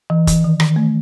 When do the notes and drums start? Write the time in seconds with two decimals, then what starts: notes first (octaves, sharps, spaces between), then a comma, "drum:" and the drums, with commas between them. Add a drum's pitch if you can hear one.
0.10 E3
0.27 E3, drum: kick, hi-hat
0.44 D#3
0.60 D#3, drum: rim click
0.76 A3